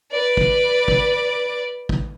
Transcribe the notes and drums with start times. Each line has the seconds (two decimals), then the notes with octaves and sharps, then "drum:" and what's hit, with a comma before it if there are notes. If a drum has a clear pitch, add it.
0.12 B4 D5
0.37 drum: kick
0.88 drum: kick
1.89 drum: kick